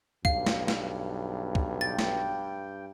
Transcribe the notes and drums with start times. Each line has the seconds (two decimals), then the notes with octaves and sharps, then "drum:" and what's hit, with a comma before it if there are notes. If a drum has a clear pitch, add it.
0.25 B1 G2 F5, drum: kick
0.46 drum: snare
0.68 drum: snare
1.55 drum: kick
1.81 G5 A6
1.99 drum: snare